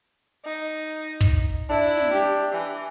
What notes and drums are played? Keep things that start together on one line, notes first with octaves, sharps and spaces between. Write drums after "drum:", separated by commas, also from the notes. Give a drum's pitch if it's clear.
D#4
drum: kick
D4 E4
drum: snare
G4, drum: open hi-hat
E3